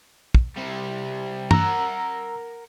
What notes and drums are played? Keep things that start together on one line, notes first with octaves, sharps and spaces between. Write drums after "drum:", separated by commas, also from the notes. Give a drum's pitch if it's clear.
drum: kick
C3 G3
A#4 F#5 A#5 E6, drum: tom G2